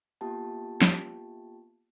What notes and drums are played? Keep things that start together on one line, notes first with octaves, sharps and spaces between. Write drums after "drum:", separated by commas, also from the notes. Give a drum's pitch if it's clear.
A#3 B3 F4 G4 G5 A5
drum: snare